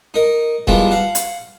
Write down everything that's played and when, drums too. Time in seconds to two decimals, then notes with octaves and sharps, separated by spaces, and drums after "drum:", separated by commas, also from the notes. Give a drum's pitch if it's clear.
0.14 D#4 A#4
0.67 D#3 F3 G3 G#3 B3 E4, drum: kick D#1
0.91 F5 F#5
1.15 drum: hi-hat